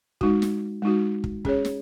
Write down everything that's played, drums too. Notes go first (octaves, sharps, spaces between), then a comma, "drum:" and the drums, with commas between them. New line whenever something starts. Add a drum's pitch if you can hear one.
G#3 D#4 F#4, drum: kick
drum: snare
G#3 D#4 F#4
drum: kick
C#4 G#4 C#5, drum: kick
drum: snare